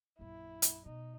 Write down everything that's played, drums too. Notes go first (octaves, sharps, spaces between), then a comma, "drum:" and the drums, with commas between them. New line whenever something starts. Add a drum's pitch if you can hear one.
A#1 F#2 E4
drum: hi-hat
B2 D#4